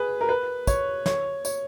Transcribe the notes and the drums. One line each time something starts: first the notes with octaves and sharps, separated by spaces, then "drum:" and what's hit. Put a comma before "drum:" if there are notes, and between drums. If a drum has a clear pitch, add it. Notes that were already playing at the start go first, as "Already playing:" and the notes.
Already playing: G#4 B4
A#4
B4
C#5, drum: kick, tambourine
C#5, drum: snare
C#5, drum: tambourine